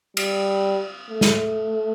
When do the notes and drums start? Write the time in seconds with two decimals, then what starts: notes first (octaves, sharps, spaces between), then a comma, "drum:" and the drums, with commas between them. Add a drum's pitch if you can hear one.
0.17 G3, drum: cymbal
1.10 A3
1.21 drum: snare